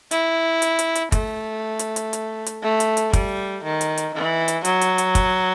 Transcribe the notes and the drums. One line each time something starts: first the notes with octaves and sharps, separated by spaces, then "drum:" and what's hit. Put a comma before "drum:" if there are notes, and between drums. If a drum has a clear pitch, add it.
E4, drum: hi-hat
drum: hi-hat
drum: hi-hat
drum: hi-hat
A3, drum: kick, hi-hat
drum: hi-hat
drum: hi-hat
drum: hi-hat
drum: hi-hat
A3
drum: hi-hat
drum: hi-hat
G3, drum: kick, hi-hat
D#3
drum: hi-hat
drum: hi-hat
E3
drum: hi-hat
F#3, drum: hi-hat
drum: hi-hat
drum: hi-hat
drum: kick, hi-hat